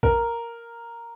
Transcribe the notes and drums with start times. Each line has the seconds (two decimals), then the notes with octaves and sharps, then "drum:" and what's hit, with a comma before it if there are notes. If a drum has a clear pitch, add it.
0.03 A#4, drum: kick B1